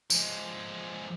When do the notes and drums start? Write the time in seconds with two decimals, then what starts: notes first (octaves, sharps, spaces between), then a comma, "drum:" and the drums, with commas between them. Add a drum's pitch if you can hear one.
0.10 F3 G#3, drum: tambourine